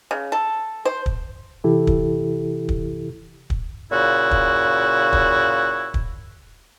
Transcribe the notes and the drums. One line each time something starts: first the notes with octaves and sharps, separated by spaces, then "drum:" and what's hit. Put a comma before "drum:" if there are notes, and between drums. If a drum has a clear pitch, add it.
C#3
A4
C5
drum: kick
C3 E3 E4 G4 A4
drum: kick
drum: kick
drum: kick
A#2 C#3 E4 F#4
drum: kick
drum: kick
drum: kick